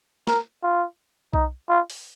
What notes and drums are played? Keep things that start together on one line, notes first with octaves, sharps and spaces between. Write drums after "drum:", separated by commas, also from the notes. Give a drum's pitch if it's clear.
A#4, drum: snare
F4
D#4, drum: kick B1
F4
drum: open hi-hat